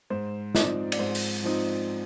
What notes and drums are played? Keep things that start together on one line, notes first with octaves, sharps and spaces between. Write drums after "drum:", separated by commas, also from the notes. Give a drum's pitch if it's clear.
G#2 C5
F3 C4 D#4 D5, drum: snare
D5, drum: cymbal
G#2 C5
drum: open hi-hat
F3 C4 D#4